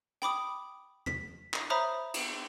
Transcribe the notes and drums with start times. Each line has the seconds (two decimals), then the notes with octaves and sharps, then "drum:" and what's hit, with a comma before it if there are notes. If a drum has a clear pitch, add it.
0.22 G5 B5 D6 D#6, drum: hi-hat
1.06 B6, drum: tom
1.54 drum: clap
1.70 C5 C#5 E5 A#5 B5 D#6
2.14 drum: cymbal